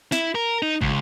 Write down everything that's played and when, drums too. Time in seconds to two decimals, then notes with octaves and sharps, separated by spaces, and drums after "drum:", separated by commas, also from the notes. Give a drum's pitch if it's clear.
0.12 E4, drum: snare
0.35 A#4
0.62 D#4
0.81 C#2, drum: kick